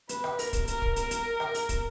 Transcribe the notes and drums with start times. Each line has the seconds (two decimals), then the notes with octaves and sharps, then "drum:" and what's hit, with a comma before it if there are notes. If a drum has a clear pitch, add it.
0.09 B4, drum: hi-hat
0.24 drum: rim click
0.39 A#4, drum: open hi-hat
0.53 drum: kick, hi-hat
0.68 A#4, drum: hi-hat
0.82 drum: kick
0.96 A#4, drum: hi-hat
1.11 drum: hi-hat
1.40 drum: rim click
1.54 drum: open hi-hat
1.69 drum: kick, hi-hat